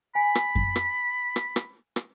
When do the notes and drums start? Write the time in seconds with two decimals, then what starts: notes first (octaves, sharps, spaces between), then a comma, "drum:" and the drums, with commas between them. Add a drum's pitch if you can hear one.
0.15 G#5 B5
0.35 drum: rim click
0.55 drum: kick F#2
0.76 drum: rim click
1.36 drum: rim click
1.56 drum: rim click
1.96 drum: rim click